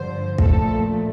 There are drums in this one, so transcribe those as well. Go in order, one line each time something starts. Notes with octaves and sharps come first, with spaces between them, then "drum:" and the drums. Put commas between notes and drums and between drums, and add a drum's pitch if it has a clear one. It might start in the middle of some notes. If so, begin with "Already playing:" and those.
Already playing: G2 D3 F3 C5
A#1 A#2 F3 A3 A4, drum: kick